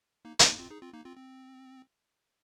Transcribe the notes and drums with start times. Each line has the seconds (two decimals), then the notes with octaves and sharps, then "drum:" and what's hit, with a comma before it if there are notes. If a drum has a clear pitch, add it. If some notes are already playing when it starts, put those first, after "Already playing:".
0.25 A#3 D#4
0.39 C4, drum: hi-hat
0.47 A#3 D#4
0.59 C4 F4
0.70 D#4 G#4
0.82 C4 F4
0.93 A#3 D#4
1.05 C4 F4
1.17 C4